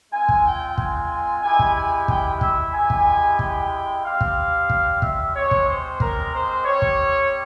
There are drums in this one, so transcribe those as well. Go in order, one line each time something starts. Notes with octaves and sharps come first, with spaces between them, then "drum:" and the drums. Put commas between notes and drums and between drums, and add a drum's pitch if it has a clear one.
G#3 C4 F4 G#5
drum: kick
G5
G#5, drum: kick
G#5
G#3 E4 G4 G#5
drum: kick
G#5
G5, drum: kick
E5, drum: kick
G#3 E4 G4 G#5
drum: kick
G5, drum: kick
G3 C4 G4 F5
drum: kick
drum: kick
E5, drum: kick
G#3 C4 G4 C#5
drum: kick
C5
A#4, drum: kick
C5
G3 C4 G4 C#5
drum: kick